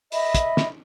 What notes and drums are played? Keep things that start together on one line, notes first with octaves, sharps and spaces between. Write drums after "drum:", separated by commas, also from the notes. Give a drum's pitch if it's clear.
D#5 E5 B5, drum: open hi-hat
drum: kick, hi-hat
drum: snare